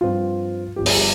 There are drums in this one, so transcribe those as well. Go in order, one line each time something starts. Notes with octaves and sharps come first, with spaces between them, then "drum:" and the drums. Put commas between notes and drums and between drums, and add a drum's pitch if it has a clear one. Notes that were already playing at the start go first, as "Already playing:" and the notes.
G2 F3 C4 F4
G1 G2 F3 G4
G#4, drum: open hi-hat
G4